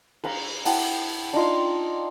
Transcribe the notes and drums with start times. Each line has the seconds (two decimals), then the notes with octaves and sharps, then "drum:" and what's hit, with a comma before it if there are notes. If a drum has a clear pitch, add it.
0.24 B4 F5 A#5, drum: cymbal
0.65 E4 F#5 G5 A5, drum: open hi-hat
1.33 D4 D#4 F4 C6